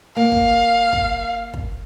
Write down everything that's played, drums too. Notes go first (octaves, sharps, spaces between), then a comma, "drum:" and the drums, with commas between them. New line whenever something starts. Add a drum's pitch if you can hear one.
A#3 F5
drum: kick
drum: kick
drum: kick